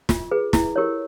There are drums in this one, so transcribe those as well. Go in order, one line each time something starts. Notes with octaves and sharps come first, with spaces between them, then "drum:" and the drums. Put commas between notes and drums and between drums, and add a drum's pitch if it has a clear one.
F4, drum: snare
G#4 B4
E4, drum: snare
G4 A#4 C#5